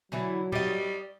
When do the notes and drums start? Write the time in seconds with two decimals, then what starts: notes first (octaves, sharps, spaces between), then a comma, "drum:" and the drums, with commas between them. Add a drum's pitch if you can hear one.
0.12 D3 E3 F#3 E4
0.52 G3 D5 D#5, drum: tom A2